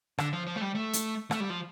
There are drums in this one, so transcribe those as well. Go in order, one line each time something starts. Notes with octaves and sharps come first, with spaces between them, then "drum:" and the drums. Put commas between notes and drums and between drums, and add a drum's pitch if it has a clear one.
D3, drum: rim click
F3
F3
A3
G3
A3
drum: hi-hat
A3, drum: rim click
G3
F3